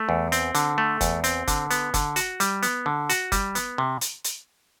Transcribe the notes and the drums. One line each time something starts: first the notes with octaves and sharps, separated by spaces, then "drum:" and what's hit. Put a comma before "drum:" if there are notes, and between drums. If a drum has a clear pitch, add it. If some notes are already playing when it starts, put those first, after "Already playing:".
Already playing: A3
E2
C4, drum: hi-hat
D3, drum: hi-hat
A3
E2, drum: kick, hi-hat
C4, drum: hi-hat
D3, drum: kick, hi-hat
B3, drum: hi-hat
D3, drum: kick, hi-hat
F#4, drum: hi-hat
G3, drum: hi-hat
B3, drum: hi-hat
D3
F#4, drum: hi-hat
G3, drum: kick, hi-hat
B3, drum: hi-hat
C3
drum: hi-hat
drum: hi-hat